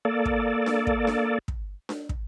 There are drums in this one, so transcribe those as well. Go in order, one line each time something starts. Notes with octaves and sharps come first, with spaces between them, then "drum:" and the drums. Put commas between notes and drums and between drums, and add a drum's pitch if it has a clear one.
A#3 A4 D5
drum: kick
drum: snare D4
drum: kick
drum: snare D4
drum: kick
drum: snare D4
drum: kick